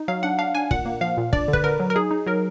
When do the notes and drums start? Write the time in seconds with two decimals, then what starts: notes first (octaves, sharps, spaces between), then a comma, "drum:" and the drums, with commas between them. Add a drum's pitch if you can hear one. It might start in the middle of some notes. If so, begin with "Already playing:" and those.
Already playing: D#4
0.08 F#3 F5
0.23 D4 F#5
0.39 D4 F5
0.55 D4 G#5
0.71 A#2 F#5, drum: kick
0.85 A#3
1.01 F3 F5
1.17 A#2
1.33 D4 D5, drum: kick
1.48 D3
1.53 B4, drum: kick
1.64 D3 A#4
1.80 F#3
1.90 A#4
1.95 D#4 G#4
2.11 D#4
2.26 F#3 A#4